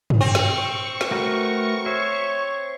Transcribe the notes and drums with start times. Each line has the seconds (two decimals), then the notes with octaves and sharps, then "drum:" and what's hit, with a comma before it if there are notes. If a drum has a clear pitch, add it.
0.10 drum: tom G2
0.21 C4 C#6
0.35 drum: snare
1.01 drum: snare
1.11 A3 F#4 A#4 B4
1.86 C5 C#5 E5